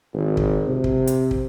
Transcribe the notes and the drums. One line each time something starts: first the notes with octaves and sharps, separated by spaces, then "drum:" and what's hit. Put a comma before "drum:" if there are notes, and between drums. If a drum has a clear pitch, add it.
G#1
drum: kick
C3
drum: kick
drum: hi-hat
drum: kick